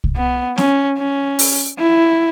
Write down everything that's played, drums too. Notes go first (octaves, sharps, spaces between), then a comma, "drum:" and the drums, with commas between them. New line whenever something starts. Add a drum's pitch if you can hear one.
drum: kick C2
B3
C#4, drum: snare
C#4
drum: open hi-hat
E4